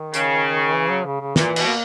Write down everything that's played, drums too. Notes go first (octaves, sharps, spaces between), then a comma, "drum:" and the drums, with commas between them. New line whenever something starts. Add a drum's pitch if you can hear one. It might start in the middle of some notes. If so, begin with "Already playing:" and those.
Already playing: D#3
C#3, drum: hi-hat
E3
F#3
C#3
C#3
A#2 E3, drum: snare
B2, drum: cymbal
A#3